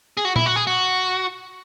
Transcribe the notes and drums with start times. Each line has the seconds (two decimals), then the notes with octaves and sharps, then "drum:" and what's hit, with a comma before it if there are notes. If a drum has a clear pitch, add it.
0.17 G#4
0.25 F#4
0.36 E4, drum: tom A#2
0.46 F#4
0.56 G#4
0.67 F#4